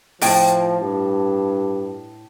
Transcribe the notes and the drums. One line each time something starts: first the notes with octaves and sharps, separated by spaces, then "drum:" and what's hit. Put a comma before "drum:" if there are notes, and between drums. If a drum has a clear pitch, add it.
A2 F3 G5, drum: open hi-hat
G2